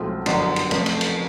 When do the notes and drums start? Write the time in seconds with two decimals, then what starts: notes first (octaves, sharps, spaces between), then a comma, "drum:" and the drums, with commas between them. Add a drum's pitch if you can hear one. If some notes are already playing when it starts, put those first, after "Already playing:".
Already playing: B1 A2 F3 G#3 C4
0.26 G1 F#2 D3 F3, drum: cymbal
0.56 drum: cymbal
0.71 F1 F2 C#3 F3 A3, drum: cymbal
0.86 drum: cymbal
1.01 drum: cymbal